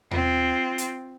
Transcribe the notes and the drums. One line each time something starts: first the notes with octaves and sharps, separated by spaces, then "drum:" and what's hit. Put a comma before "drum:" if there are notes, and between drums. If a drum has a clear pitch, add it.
C4 F4, drum: tom D#2
drum: hi-hat